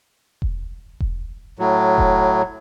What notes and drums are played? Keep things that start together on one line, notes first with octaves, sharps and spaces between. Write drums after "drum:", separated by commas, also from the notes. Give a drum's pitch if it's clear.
drum: kick E1
drum: kick E1
A2 F#3
drum: kick E1